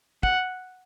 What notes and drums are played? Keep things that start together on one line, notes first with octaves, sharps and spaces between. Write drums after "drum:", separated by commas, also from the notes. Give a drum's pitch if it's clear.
F#5, drum: kick